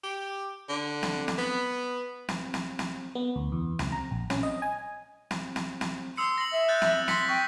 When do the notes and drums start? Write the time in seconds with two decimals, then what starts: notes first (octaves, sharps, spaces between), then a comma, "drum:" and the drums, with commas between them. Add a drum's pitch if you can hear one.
0.04 G4
0.69 D3
1.03 drum: snare
1.28 drum: snare
1.38 B3
2.29 drum: snare
2.54 drum: snare
2.79 drum: snare
3.15 B3
3.36 D2
3.52 E2
3.79 C#2, drum: snare
3.92 A#5
4.11 A#1
4.30 C#4, drum: snare
4.43 D#5
4.62 G#5
5.31 drum: snare
5.56 drum: snare
5.81 drum: snare
6.17 C6 D#6 E6 C#7
6.38 A#6 F#7
6.52 E5
6.68 F#6 G6 A6
6.82 drum: snare
7.08 C6 A#6 B6 C#7, drum: snare
7.29 G5 C#6